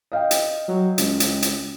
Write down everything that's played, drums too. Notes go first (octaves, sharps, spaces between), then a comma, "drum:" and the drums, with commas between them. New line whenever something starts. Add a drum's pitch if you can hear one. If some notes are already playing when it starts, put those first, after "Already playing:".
D#5 F5 G5
drum: hi-hat
F#3
C#2, drum: hi-hat
drum: hi-hat
drum: hi-hat